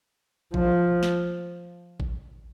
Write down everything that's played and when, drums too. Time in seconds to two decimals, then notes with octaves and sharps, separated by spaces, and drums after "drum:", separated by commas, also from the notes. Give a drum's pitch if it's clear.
0.54 F3, drum: kick A1
1.03 drum: snare
2.00 drum: kick A1